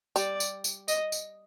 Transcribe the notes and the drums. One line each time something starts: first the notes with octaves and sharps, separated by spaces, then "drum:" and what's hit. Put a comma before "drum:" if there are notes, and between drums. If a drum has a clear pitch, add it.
G3 D5, drum: tambourine
drum: tambourine
drum: tambourine
D#5, drum: tambourine
drum: tambourine